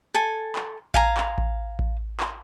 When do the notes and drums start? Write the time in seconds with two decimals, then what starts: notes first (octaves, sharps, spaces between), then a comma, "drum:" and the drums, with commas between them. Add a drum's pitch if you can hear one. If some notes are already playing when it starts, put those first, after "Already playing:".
0.14 A4 G#5
0.56 drum: clap
0.94 F5 G#5 A#5, drum: kick A1
1.17 drum: clap
1.38 drum: kick A1
1.79 drum: kick A1
2.20 drum: clap